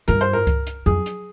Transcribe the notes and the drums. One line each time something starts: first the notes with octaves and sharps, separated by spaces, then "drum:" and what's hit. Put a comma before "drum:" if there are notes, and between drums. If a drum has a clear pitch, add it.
G2 A#4, drum: hi-hat
C5
A#4
drum: kick C#2, hi-hat
drum: hi-hat
F2 G#4, drum: tom F#3
drum: hi-hat